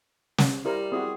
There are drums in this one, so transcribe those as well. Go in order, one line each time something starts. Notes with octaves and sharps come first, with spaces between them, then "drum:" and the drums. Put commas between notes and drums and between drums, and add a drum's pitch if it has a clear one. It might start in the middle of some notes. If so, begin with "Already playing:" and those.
drum: snare
G3 E4 A#4 C5
C4 E4 F#4 G#4